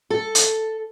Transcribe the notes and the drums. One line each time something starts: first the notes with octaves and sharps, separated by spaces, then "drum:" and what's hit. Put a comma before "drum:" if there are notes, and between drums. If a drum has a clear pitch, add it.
A4
drum: hi-hat